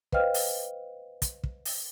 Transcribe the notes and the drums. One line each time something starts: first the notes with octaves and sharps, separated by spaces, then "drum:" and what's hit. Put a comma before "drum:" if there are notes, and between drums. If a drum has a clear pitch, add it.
B4 C5 D#5 F5 G5 F6, drum: kick
drum: open hi-hat
drum: kick, hi-hat
drum: kick
drum: open hi-hat